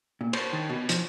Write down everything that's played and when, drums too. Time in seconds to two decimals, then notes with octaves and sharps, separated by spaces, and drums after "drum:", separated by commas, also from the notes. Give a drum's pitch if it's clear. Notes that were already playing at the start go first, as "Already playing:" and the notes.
0.21 A#2
0.33 C5, drum: cymbal
0.53 D#3
0.69 B2
0.89 F3, drum: hi-hat